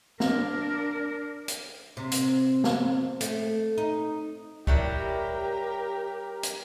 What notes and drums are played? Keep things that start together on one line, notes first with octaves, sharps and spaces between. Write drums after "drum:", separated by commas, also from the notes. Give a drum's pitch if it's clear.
D4 A#4, drum: snare
drum: hi-hat
C3
drum: hi-hat
drum: snare
A3, drum: hi-hat
D#4
F#3 G3 E4 G4 A#4, drum: kick
drum: hi-hat